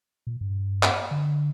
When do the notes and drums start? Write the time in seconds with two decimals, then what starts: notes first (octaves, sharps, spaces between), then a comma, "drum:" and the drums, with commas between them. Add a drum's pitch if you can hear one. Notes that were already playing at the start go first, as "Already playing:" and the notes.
0.27 A#2
0.41 G2
0.83 drum: clap
1.11 D3